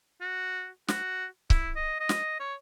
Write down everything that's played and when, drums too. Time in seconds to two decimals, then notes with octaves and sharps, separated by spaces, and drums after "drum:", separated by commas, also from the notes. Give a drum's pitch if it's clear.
0.21 F#4
0.88 F#4, drum: snare
1.50 E4, drum: kick C#1
1.76 D#5
2.00 D#5
2.09 drum: snare
2.40 C#5